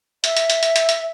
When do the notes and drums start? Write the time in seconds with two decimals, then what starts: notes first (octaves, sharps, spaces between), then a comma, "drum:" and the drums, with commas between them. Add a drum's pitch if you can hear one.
0.24 E5, drum: hi-hat
0.37 drum: hi-hat
0.50 drum: hi-hat
0.63 drum: hi-hat
0.76 drum: hi-hat
0.89 drum: hi-hat